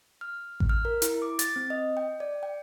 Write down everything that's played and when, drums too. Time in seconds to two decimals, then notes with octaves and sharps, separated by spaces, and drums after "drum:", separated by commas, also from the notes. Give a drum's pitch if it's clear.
0.21 F6
0.60 drum: kick A1
0.69 F6
0.85 A#4
1.02 E4, drum: hi-hat
1.22 D6
1.39 A6, drum: hi-hat
1.56 C4
1.70 D#5
1.97 G5
2.20 D5
2.43 G5